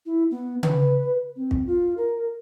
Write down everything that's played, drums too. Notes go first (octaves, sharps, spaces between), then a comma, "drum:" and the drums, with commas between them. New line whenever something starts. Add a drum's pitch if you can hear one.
E4
B3
B4, drum: tom C#3
C4
drum: kick
F4
A#4